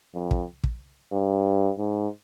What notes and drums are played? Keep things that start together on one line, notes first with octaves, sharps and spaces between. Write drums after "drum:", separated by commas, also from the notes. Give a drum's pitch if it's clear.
F2
drum: kick
drum: kick
G2
G#2